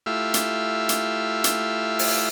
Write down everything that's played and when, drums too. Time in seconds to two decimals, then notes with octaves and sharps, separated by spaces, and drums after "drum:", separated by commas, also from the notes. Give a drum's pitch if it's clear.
0.06 A3 E4 F4 G4 E5 F5
0.34 drum: hi-hat
0.89 drum: hi-hat
1.44 drum: hi-hat
1.99 drum: open hi-hat